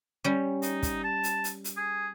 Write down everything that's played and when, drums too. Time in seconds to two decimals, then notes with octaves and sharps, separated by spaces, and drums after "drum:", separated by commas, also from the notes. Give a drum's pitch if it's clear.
0.24 G3 C#4
0.62 D#4, drum: hi-hat
0.83 drum: kick, hi-hat
1.04 A5
1.23 drum: hi-hat
1.44 drum: hi-hat
1.64 drum: hi-hat
1.77 G#4